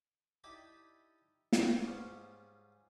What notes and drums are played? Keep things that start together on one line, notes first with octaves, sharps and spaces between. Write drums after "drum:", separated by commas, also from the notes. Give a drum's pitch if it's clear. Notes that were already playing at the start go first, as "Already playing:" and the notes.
D#4 E4 G4 D5 A5 B5
drum: snare
B2 C4
G#2 G3 C#4 D#4 F4